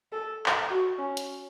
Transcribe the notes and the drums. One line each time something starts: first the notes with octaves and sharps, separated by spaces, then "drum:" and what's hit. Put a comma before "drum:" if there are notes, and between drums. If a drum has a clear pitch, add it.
A4
drum: clap
F#4
C#4
drum: hi-hat